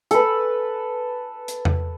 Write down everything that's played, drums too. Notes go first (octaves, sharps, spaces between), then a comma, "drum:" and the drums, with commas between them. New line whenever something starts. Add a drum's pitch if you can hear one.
A4 B4, drum: hi-hat
drum: hi-hat
drum: tom E2